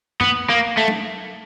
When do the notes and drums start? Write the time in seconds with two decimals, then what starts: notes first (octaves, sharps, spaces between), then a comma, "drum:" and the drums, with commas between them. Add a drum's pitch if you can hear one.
0.21 B3, drum: tom F#2
0.49 A#3
0.78 A3
0.88 drum: tom F#3